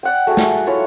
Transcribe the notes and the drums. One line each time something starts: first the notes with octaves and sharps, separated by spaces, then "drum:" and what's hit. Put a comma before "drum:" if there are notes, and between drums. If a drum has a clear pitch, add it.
D5 F#5 G5
A3 F#4 G#4
drum: snare
E4 F4 A4 C#5